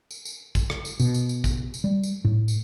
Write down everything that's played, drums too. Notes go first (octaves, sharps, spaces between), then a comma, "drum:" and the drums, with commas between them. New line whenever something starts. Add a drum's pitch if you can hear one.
drum: tambourine
drum: tambourine
drum: kick, tambourine
drum: rim click
drum: tambourine
B2, drum: tambourine
drum: tambourine
drum: tambourine
drum: kick, tambourine
drum: tambourine
G3
drum: tambourine
A2
drum: tambourine